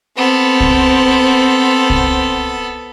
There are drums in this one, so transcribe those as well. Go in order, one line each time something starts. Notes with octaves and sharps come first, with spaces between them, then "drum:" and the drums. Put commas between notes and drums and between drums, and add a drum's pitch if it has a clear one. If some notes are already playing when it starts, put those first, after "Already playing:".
B3 C4 A4
drum: kick C2
drum: kick C2